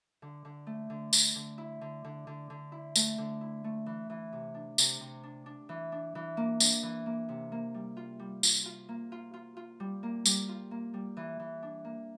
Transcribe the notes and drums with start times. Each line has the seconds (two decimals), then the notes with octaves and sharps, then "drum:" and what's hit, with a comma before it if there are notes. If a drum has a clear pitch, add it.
0.22 D3
0.45 D3
0.67 A3
0.90 D3
1.13 D3, drum: tambourine
1.36 D3
1.58 E4
1.81 D3
2.04 D3
2.27 D3
2.50 D3
2.72 E4
2.96 A3, drum: tambourine
3.18 D3
3.41 E4
3.64 A3
3.86 E3
4.10 E3
4.32 C3
4.55 D4
4.78 C3, drum: tambourine
5.01 C3
5.23 D4
5.46 D4
5.69 E3
5.92 D4
6.15 E3
6.37 A#3
6.60 D4, drum: tambourine
6.83 E3
7.06 A#3
7.29 C3
7.52 A#3
7.74 G3
7.97 F4
8.19 G3
8.43 F4, drum: tambourine
8.66 F4
8.89 A#3
9.12 F4
9.34 F4
9.57 F4
9.80 G3
10.03 A#3
10.26 G3, drum: tambourine
10.49 F4
10.71 A#3
10.94 G3
11.17 E3
11.40 E3
11.63 D4
11.85 A#3